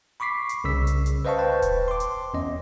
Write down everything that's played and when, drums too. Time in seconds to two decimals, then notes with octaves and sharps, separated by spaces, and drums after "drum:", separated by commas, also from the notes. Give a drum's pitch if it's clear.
0.20 B5 C#6 D6 B6 C7
0.49 drum: hi-hat
0.64 C2 C#3 E6 B6
0.87 drum: hi-hat
1.06 drum: hi-hat
1.25 B4 C5 D#5 F5 A5 C#6
1.38 B4 C5 G5 A5
1.62 drum: kick D#1, hi-hat
1.88 C6 D6
2.00 drum: hi-hat
2.34 E2 C#4 D#5